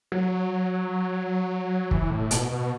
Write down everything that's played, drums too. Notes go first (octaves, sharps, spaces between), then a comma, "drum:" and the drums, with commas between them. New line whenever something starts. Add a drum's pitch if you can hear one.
F#3
E3, drum: kick
A2
B2, drum: hi-hat
B2